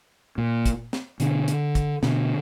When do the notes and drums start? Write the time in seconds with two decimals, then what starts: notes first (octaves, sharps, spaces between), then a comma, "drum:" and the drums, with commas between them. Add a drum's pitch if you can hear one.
0.38 A#2
0.66 drum: kick, hi-hat
0.93 drum: snare
1.20 B2 D3, drum: hi-hat
1.48 drum: hi-hat
1.75 drum: kick, hi-hat
2.03 B2 D3, drum: snare